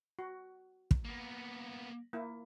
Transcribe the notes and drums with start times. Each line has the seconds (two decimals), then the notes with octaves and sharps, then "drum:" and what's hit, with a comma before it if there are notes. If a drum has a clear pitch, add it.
0.19 F#4
0.91 drum: kick
1.05 A#3 B3
2.13 A#3 E4